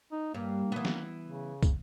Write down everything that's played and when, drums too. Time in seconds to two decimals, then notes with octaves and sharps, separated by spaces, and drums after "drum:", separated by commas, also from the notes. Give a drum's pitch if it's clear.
0.12 D#4
0.34 G2 A#3
0.72 E3 B3
0.85 drum: snare
1.24 C#3
1.63 drum: kick, tambourine